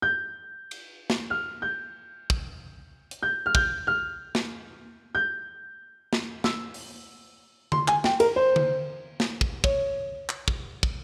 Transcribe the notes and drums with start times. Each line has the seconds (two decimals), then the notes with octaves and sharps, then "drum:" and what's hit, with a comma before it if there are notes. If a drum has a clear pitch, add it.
0.02 G6
0.71 drum: cymbal
1.10 drum: snare
1.30 F6
1.62 G6
2.30 drum: kick
3.11 drum: hi-hat
3.23 G6
3.46 F6
3.55 G6, drum: kick
3.87 F6
4.35 drum: snare
5.15 G6
6.13 drum: snare
6.44 E6, drum: snare
6.74 drum: open hi-hat
7.72 C6, drum: tom D3
7.88 G#5, drum: clap
8.04 G5, drum: snare
8.20 A#4, drum: cymbal
8.36 C5
8.56 drum: tom D3
9.20 drum: snare
9.41 drum: kick
9.64 C#5, drum: kick
10.29 drum: clap
10.48 drum: kick
10.83 drum: kick